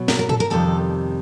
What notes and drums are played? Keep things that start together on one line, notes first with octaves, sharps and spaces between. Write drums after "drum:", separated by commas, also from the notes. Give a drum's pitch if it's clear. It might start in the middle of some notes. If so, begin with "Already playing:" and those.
Already playing: B2 F#3
A#4, drum: snare
A#4
A4, drum: tom A2
A#4
F2 C3 D#3 G3 A4